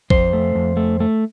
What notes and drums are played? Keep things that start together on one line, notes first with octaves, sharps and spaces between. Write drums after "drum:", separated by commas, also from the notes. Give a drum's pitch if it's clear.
F2 C5, drum: kick
A3
F2
A3
A3